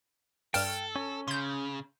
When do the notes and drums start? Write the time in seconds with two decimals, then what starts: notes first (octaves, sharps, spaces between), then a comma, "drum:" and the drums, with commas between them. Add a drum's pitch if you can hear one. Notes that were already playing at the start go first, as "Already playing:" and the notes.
0.54 G2 A4 G5 F6, drum: open hi-hat
0.96 C#4
1.28 C#3 C6 G6